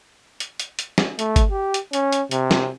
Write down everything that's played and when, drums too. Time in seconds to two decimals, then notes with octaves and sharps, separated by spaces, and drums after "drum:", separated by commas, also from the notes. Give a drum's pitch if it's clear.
0.40 drum: hi-hat
0.60 drum: hi-hat
0.79 drum: hi-hat
0.98 drum: snare
1.19 A3, drum: hi-hat
1.36 drum: kick G1, hi-hat
1.51 G4
1.74 drum: hi-hat
1.93 C#4, drum: hi-hat
2.12 drum: hi-hat
2.31 C3, drum: hi-hat
2.51 drum: snare